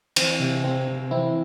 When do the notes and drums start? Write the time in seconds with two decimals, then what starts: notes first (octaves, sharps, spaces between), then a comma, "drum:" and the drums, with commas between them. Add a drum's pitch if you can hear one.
0.16 E3 C4, drum: cymbal
0.39 C3
0.64 C3 C4
0.88 C3
1.11 E3 C4 E4